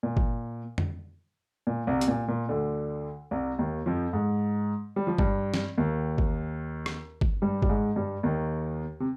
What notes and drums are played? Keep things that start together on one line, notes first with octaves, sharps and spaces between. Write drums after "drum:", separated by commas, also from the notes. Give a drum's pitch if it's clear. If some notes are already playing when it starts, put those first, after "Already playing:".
A#2
drum: kick G1
drum: tom F2
A#2
C2 C3
C3, drum: hi-hat
A#2
A#2
D2 D3
C2 C3
D#2 D#3
F2 F3
G#2 G#3
G3
F3
G2 G3, drum: kick G1
drum: snare
D#2 D#3
drum: kick G1
drum: rim click
drum: kick G1
G2 G3
G3, drum: kick G1
G#2 G#3
G2 G3
D#2 D#3
C3